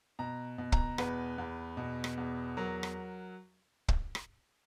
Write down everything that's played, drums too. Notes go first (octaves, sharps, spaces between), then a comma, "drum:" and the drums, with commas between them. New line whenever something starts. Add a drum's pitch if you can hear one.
B2 A#5
B2
A#5, drum: kick
E2 B4, drum: rim click
E2
B2
drum: rim click
E2
F#3 A#4
drum: rim click
drum: kick
drum: rim click